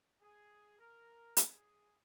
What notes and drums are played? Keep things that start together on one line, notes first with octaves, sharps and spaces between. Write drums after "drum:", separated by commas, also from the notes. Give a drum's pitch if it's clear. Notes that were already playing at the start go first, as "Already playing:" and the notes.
G#4
A#4
G#4, drum: hi-hat